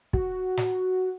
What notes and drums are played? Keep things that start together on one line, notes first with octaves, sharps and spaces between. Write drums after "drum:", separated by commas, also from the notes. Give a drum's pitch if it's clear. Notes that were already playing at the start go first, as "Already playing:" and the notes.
F#4, drum: kick
drum: snare